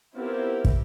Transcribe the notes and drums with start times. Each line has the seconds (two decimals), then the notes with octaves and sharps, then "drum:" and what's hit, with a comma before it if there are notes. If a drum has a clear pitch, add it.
0.15 B3 C4 E4 F4 G4 A#4
0.65 drum: kick